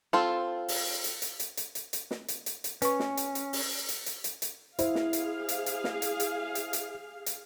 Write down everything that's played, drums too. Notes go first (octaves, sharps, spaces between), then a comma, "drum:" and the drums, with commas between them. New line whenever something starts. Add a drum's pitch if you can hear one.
C4 F4 A4
drum: open hi-hat
drum: hi-hat
drum: hi-hat
drum: hi-hat
drum: hi-hat
drum: hi-hat
drum: hi-hat
drum: snare
drum: hi-hat
drum: hi-hat
drum: hi-hat
C#4 B4 C#6, drum: hi-hat
drum: snare
drum: hi-hat
drum: hi-hat
drum: open hi-hat
drum: hi-hat
drum: hi-hat
drum: hi-hat
drum: hi-hat
E4 G#4 C5 F5, drum: hi-hat
drum: snare
drum: hi-hat
drum: hi-hat
drum: hi-hat
drum: snare
drum: hi-hat
drum: hi-hat
drum: hi-hat
drum: hi-hat
drum: hi-hat